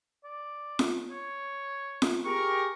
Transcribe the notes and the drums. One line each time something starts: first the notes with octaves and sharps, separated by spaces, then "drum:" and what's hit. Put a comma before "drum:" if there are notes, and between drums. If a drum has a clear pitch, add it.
D5
drum: snare F4
C#5
drum: snare F4
G4 G#4 A#4 C#6